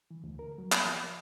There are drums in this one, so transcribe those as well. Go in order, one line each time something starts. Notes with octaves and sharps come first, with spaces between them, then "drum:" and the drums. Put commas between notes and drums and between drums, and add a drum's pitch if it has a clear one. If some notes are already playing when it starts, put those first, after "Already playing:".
E3
D2
A#4
F#3
B5, drum: clap
F3
D#5